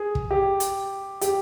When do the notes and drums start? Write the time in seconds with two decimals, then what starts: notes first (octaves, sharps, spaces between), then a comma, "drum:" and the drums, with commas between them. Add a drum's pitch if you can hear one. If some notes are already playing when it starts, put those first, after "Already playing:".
Already playing: G#4
0.15 drum: kick
0.31 G4
0.60 drum: hi-hat
1.21 G4, drum: hi-hat